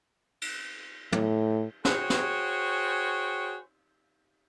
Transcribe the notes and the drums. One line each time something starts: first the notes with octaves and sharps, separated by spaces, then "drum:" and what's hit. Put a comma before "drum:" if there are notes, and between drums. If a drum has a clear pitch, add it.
drum: cymbal
A2, drum: tom
F#4 G#4 C5 C#5 G5, drum: snare
drum: snare